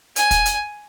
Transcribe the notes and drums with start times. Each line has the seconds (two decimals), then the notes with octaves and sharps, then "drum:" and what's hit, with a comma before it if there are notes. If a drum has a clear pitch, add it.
0.16 G#5, drum: hi-hat
0.31 drum: kick, hi-hat
0.46 drum: hi-hat